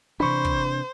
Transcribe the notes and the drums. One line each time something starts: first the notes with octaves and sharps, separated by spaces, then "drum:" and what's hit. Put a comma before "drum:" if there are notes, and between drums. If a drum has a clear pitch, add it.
C3 E3 D4 C5 B5 C#6
drum: kick